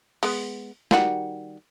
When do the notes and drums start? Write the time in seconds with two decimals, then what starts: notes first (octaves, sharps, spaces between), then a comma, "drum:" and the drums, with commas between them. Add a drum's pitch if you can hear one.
0.23 G#3 B3, drum: open hi-hat
0.91 D#3 G3 F#4, drum: snare